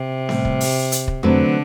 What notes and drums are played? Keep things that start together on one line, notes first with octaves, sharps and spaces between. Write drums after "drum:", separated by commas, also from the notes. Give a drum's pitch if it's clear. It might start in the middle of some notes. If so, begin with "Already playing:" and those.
Already playing: C3
A2 E3 G3, drum: snare B3
drum: kick
drum: open hi-hat
drum: hi-hat
drum: kick
D3 F#3 A3 C4 F#4 B4, drum: tom F2